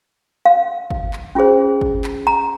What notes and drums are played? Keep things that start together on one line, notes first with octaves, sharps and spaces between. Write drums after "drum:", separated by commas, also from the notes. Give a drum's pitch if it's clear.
F5
drum: kick
drum: clap
C#4 F4 G#4 C5
drum: kick
drum: clap
A#5